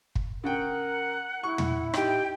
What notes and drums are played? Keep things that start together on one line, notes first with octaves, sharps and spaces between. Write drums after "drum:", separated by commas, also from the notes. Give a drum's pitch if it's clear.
drum: kick
C#3 A#4 F#5 G5
E4 C#6
drum: tom
D#4 G4 G5, drum: rim click